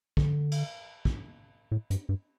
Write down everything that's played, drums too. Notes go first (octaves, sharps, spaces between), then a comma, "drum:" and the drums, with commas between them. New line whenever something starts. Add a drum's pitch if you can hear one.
D3, drum: kick
drum: cymbal
drum: kick
A2
G2, drum: hi-hat
G2